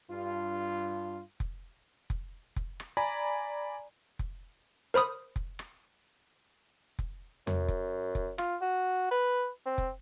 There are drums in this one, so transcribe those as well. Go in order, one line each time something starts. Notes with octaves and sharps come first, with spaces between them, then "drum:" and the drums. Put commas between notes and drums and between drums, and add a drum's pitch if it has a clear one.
G2 F4
drum: kick F1
drum: kick F1
drum: kick F1
drum: rim click
D5 G#5 A#5 B5
drum: kick F1
A#4 C5 B5 D#6
drum: kick F1
drum: rim click
drum: kick F1
F#2, drum: tom E2
drum: kick F1
drum: kick F1
F4, drum: rim click
F#4
B4
C4
drum: kick F1